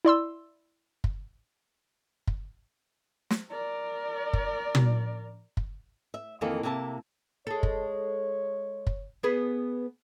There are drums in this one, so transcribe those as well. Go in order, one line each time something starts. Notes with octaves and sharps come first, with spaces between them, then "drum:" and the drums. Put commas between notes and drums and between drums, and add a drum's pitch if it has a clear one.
E4 D5 C6 E6
drum: kick
drum: kick
drum: snare
A#4 D5
drum: kick
drum: tom
drum: kick
E5
F2 D#3 E3 A#3 A4 D#5
C3 A#3 E4 E5 G#5 A5
G#3 A4 C#5
drum: kick
drum: kick
B3 G#4 B4